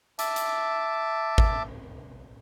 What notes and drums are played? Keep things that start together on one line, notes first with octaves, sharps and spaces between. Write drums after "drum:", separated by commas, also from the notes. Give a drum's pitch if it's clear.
E5 A5 D6, drum: hi-hat
drum: hi-hat
drum: kick G#1